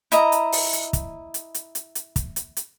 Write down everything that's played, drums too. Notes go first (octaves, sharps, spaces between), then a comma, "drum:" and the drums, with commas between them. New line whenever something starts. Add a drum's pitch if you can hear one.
E4 D#5 A#5, drum: hi-hat
drum: hi-hat
drum: open hi-hat
drum: hi-hat
drum: kick, hi-hat
drum: hi-hat
drum: hi-hat
drum: hi-hat
drum: hi-hat
drum: kick, hi-hat
drum: hi-hat
drum: hi-hat